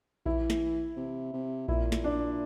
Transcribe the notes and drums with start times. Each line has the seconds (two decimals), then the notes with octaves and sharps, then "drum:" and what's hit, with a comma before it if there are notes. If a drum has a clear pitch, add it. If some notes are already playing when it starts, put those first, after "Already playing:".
0.26 E3 E4, drum: kick A#1
0.50 drum: snare
0.97 C3
1.33 C3
1.68 A#2 E4, drum: kick A#1
1.92 drum: snare
2.04 D4